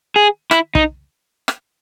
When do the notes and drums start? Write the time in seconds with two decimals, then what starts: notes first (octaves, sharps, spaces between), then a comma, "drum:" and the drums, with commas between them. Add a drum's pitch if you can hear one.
0.16 G#4
0.51 E4, drum: rim click
0.75 D#4, drum: kick
1.48 drum: rim click